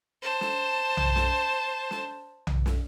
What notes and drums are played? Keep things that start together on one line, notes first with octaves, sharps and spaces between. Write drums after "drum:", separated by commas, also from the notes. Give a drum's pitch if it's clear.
C5 A5
drum: snare
drum: tom B1
drum: snare
drum: snare
drum: tom B1
drum: snare